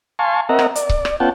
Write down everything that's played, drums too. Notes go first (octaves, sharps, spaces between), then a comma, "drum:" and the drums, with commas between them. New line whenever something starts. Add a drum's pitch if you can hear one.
F5 G#5 A5 C6 C#6
C4 A#4 D#5 E5 F#5 A#5
drum: rim click
D5, drum: hi-hat
drum: kick C#1
drum: rim click
B3 C#4 F4 F#5 G5 A5